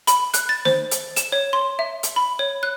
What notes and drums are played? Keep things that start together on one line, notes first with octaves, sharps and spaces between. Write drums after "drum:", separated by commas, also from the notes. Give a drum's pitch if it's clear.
B5, drum: hi-hat
F#6, drum: hi-hat
A6
C5, drum: snare
drum: hi-hat
E7, drum: hi-hat
C#5
C6
E5
drum: hi-hat
B5
C#5
F#6